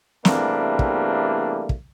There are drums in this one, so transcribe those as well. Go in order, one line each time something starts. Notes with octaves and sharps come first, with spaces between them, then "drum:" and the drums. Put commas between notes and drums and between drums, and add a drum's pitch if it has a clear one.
E2 C3 G3 A3 A#3 D4, drum: snare
drum: kick
drum: kick